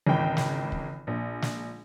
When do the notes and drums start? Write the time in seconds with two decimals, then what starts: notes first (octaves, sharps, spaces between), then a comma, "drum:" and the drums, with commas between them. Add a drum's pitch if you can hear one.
0.06 G#1 C#2 E3 G5
0.37 drum: snare
0.72 drum: kick
1.07 A#1
1.42 drum: snare